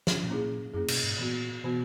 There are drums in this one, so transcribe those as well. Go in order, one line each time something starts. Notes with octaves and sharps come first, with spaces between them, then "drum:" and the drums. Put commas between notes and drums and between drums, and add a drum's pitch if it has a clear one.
drum: snare
B2
A#2 A#3 C#4 E4 G#4
F#2 A#3 C#4 E4 G#4
B2, drum: cymbal
G#2
A#2 E3 B3 F#4
B2 E3 B3 F#4